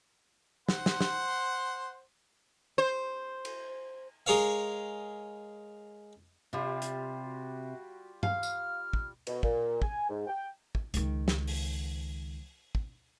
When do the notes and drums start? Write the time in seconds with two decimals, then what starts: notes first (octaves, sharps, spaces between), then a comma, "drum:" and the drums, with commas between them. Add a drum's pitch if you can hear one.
0.68 C5 F#5 C6, drum: snare
0.86 drum: snare
1.01 drum: snare
2.78 C5
3.45 drum: cymbal
4.26 G#3 G#4 A#4 C#5 F5
6.53 C3 G3 F4
6.82 drum: hi-hat
7.25 F#4
8.23 F5 F6, drum: tom G2
8.43 drum: tambourine
8.93 drum: kick
9.27 B2, drum: cymbal
9.43 A#2, drum: kick
9.82 G#5, drum: kick
10.09 G#2
10.27 G5
10.75 drum: kick
10.94 C#2 D#3, drum: hi-hat
11.28 drum: snare
11.47 drum: open hi-hat
12.75 drum: kick